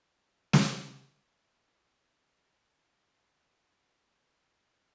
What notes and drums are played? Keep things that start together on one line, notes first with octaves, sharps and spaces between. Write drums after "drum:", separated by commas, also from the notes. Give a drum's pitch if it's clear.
F3 C4 C#4
drum: snare
D3 C#4 E5
D#4 A#4
E4 F#5 B5